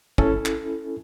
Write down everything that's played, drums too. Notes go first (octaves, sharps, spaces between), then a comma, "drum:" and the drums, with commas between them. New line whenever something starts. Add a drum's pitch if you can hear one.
C#4 E4 A4, drum: kick
drum: clap